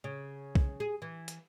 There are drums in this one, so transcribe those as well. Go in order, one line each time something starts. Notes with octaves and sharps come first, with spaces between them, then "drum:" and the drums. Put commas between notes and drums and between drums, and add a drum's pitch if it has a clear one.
C#3
drum: kick B1
G#4
E3
drum: hi-hat